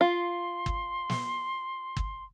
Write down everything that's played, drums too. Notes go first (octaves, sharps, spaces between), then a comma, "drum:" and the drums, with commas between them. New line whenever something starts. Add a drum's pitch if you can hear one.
F4 C6
drum: kick G1
drum: snare
drum: kick G1